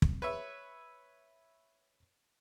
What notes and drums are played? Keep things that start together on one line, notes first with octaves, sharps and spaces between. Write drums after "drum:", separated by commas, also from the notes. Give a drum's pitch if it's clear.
drum: kick
B4 C#5 E5